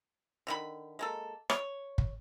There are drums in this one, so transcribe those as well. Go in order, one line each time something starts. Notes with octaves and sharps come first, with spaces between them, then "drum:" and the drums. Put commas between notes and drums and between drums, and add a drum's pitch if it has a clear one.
D3 D#3 E4 B5
G#3 A#3 A4
C#5, drum: rim click
drum: kick